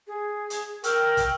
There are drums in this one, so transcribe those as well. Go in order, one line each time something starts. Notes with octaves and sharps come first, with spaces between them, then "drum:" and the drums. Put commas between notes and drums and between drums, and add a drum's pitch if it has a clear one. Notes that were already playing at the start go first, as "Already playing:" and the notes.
G#4
drum: hi-hat
A#4 G5 C#6 E6 F6, drum: hi-hat
drum: kick, hi-hat